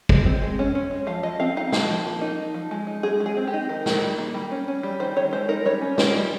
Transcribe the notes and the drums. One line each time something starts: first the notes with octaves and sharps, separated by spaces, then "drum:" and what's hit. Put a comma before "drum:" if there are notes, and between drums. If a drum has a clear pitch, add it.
G#3, drum: kick
C4
G#3
C#4
C#4
G#3
F3 F5
F3 D#5
C4 F5
D#4 F5
F3 F5, drum: snare
F3
A#3
D#4
F3
F3
G#3
D#4
G#3 G#4
G#3
G#4
C4
G4
D#4
D#3 A#4
D#3, drum: snare
G3
A#3
G3
C#4
C#4
G3
D#3 C5
D#3 C#5
G#3 C5
D#4 A#4
G3 C#5
C#4
C#4, drum: snare
G3